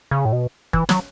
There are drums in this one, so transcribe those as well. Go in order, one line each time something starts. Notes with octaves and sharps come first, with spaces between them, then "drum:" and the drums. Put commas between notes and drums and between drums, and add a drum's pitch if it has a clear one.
C#3
A2
B2
E3, drum: kick
F#3, drum: snare